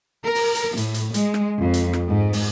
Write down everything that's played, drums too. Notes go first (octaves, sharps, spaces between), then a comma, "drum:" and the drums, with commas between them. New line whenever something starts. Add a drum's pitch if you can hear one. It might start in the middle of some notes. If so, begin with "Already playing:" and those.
A#4
drum: open hi-hat
drum: hi-hat
A2, drum: hi-hat
drum: hi-hat
G#3, drum: hi-hat
drum: rim click
F2
drum: hi-hat
drum: rim click
G#2
drum: open hi-hat